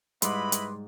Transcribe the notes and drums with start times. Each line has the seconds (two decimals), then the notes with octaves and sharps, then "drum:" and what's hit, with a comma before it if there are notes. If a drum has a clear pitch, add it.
0.22 G#2 G3 E4 B4 D#5 B5 C6 D6, drum: hi-hat
0.52 drum: hi-hat